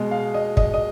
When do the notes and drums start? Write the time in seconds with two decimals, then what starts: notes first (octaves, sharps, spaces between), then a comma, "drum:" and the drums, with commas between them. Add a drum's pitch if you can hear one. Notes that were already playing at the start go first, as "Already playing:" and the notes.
Already playing: B2 G#3 D#5
0.11 F5
0.34 D#5
0.57 D#5, drum: kick
0.74 D#5